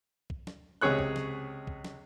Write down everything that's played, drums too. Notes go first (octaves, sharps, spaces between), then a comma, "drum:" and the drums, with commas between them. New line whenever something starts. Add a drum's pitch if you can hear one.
drum: kick
drum: snare
C#2 C3 G#4 C#5 F#6
drum: kick
drum: snare
drum: kick
drum: snare